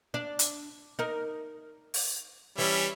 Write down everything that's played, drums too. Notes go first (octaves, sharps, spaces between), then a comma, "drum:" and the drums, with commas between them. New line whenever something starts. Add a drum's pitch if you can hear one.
D4
drum: hi-hat
D#4 A#4
drum: open hi-hat
E3 G3 C#4 E5